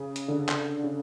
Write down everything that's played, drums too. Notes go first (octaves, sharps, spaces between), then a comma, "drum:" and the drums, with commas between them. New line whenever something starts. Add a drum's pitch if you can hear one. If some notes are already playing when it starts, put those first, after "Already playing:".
Already playing: C#3
drum: hi-hat
D3
drum: clap
C#3